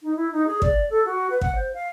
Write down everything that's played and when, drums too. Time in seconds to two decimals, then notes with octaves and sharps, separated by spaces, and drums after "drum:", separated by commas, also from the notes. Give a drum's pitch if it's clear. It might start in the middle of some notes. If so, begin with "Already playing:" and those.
0.03 D#4
0.16 E4
0.32 D#4
0.47 G#4
0.62 D5, drum: kick
0.90 A4
1.05 F#4
1.30 B4
1.41 F#5, drum: kick
1.55 C5
1.73 F5